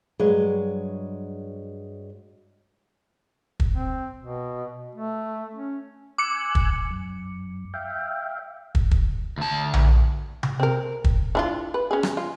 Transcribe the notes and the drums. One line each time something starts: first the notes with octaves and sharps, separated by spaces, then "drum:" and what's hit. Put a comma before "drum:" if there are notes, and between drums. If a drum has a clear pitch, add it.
G2 F#3 G#3
drum: kick
C4
B2
A3
C#4
G#5 D6 E6 F#6 C#7
drum: kick
F#2
E5 F5 G5
drum: kick
drum: kick
D2 A5
drum: tom A#1
drum: tom C3
C4 A#4
drum: kick
E3 D4 F4
B4
C#4 G#4
drum: rim click
F4